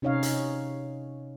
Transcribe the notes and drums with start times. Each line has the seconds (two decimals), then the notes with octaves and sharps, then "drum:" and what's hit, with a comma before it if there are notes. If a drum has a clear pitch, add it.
0.02 C3 C#4 D#4 C#5 D#5 F5
0.23 drum: hi-hat